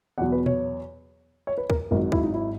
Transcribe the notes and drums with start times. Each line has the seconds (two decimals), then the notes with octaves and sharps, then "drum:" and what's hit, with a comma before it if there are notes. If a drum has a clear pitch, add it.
0.18 E2 B2 F#3 F#5
0.32 B4
0.46 C#5, drum: tom A#2
1.47 C#5
1.58 B4
1.70 A#4, drum: kick
1.91 G#1 G#2 F#3 A#4
2.12 E4, drum: kick
2.24 D#4
2.34 E4